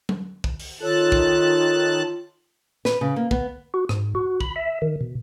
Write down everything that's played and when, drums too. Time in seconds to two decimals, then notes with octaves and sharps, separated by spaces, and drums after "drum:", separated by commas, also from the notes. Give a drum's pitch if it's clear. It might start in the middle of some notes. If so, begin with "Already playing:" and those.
0.09 drum: tom F#3
0.44 drum: kick
0.60 drum: open hi-hat
0.81 D#3 F4 A4 C#5 A5 E6 F#6
1.12 drum: kick
2.85 B4, drum: snare
3.01 C#3
3.16 A#3
3.31 B3, drum: kick
3.74 F#4
3.89 G#2, drum: rim click
4.15 F#4
4.40 B5, drum: kick
4.56 E5
4.82 D#3
5.01 B2